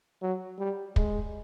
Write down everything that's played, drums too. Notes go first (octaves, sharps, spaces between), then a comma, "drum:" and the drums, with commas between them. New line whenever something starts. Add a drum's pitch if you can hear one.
F#3
G3
G#3, drum: kick